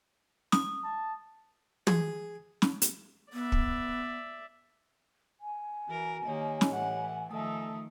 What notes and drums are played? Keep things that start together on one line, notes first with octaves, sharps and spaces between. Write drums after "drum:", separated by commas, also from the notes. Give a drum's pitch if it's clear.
D#6, drum: snare
A5
G#4, drum: tom
drum: snare
drum: hi-hat
B3 D5 E5
drum: kick
G#5
E3 F#4 A#4 A#5
D#3 A#3 G4 C#5 D#5
drum: snare
A2 E3 F#5
D#3 F3 A3 D#4 A4 E5 D#6